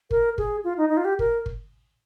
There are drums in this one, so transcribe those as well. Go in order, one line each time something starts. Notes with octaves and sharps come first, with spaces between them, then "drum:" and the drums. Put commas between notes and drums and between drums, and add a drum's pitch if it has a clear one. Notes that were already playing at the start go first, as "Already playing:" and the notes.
A#4, drum: kick
G#4, drum: kick
F4
D#4
D#4
F4
G4
A#4, drum: kick
drum: kick